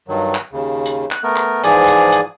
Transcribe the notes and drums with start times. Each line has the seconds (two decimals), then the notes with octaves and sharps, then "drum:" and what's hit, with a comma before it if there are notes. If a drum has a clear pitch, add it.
0.08 G2 D#3 F#3
0.35 drum: clap
0.52 D#2 C#3
0.86 drum: hi-hat
1.11 F#6, drum: clap
1.23 A3 B3 A#4
1.36 drum: clap
1.64 G#2 E3 F3 G#4 D5 G#5, drum: hi-hat
1.87 drum: hi-hat
2.12 drum: hi-hat